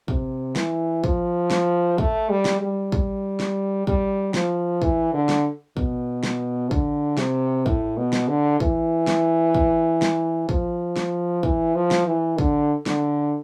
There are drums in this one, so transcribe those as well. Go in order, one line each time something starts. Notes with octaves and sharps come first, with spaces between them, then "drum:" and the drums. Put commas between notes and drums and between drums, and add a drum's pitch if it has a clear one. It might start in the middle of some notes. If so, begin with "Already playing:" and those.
C3, drum: kick
E3, drum: snare
F3, drum: kick
drum: snare
A3, drum: kick
G3
drum: snare
G3
drum: kick
drum: snare
G3, drum: kick
F3, drum: snare
E3, drum: kick
D3
drum: snare
B2, drum: kick
drum: snare
D3, drum: kick
C3, drum: snare
A2, drum: kick
B2
drum: snare
D3
E3, drum: kick
drum: snare
drum: kick
drum: snare
F3, drum: kick
drum: snare
E3, drum: kick
F3
drum: snare
E3
D3, drum: kick
D3, drum: snare